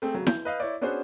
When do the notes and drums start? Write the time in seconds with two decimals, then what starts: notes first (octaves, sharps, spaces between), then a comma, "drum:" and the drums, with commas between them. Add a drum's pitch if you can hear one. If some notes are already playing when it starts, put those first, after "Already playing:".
0.02 A3 C4 G#4
0.15 C#3 F#3
0.27 G6, drum: snare E4
0.45 B4 D#5 F5
0.60 E4 C#5 D5
0.81 B3 C#4 D4 F#4 G#4 C5